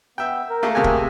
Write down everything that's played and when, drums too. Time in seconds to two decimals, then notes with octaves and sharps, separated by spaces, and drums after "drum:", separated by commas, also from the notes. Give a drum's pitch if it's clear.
0.18 B3 E5 G5
0.50 A#4
0.63 A3 A#3 G#4
0.75 C3 A3 A#3 G#4 G5 G#5
0.84 drum: kick